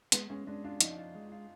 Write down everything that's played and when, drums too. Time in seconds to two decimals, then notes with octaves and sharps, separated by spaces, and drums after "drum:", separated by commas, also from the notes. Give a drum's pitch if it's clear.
0.12 G#3 B3, drum: hi-hat
0.30 G#3 C#4
0.47 G#3 D4
0.64 D4 F4
0.81 F3 D#4, drum: hi-hat
0.98 F4
1.15 G#3
1.32 F4